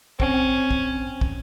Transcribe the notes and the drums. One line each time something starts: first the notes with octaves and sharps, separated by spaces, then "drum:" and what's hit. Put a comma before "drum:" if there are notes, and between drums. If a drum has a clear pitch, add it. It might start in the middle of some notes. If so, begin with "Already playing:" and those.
C4 C#4, drum: kick
drum: kick
drum: kick